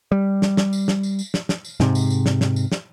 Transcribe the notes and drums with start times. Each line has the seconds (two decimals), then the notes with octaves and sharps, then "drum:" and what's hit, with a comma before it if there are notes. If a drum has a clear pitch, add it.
0.12 G3
0.42 drum: snare
0.57 drum: snare
0.73 drum: tambourine
0.88 drum: snare
1.03 drum: tambourine
1.19 drum: tambourine
1.34 drum: snare
1.49 drum: snare
1.65 drum: tambourine
1.80 G#2 C3, drum: snare
1.95 drum: tambourine
2.10 drum: tambourine
2.26 drum: snare
2.41 drum: snare
2.56 drum: tambourine
2.72 drum: snare